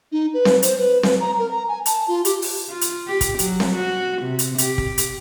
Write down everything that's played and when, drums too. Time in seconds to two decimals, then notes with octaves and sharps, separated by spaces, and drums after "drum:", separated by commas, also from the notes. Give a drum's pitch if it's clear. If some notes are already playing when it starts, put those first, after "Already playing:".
0.12 D#4
0.34 B4
0.45 drum: snare C4
0.62 C5, drum: hi-hat
0.78 B4
1.03 B4, drum: snare C4
1.20 A#5
1.39 A#4
1.51 A#5
1.69 G#5
1.86 A5, drum: hi-hat
2.08 F4
2.25 G4, drum: hi-hat
2.42 drum: open hi-hat
2.69 F4
2.81 drum: hi-hat
3.07 G4
3.21 drum: kick, hi-hat
3.39 F#3, drum: hi-hat
3.60 drum: snare C4
3.75 F#4
4.22 C3
4.39 drum: hi-hat
4.58 G4, drum: hi-hat
4.78 drum: kick
4.98 drum: hi-hat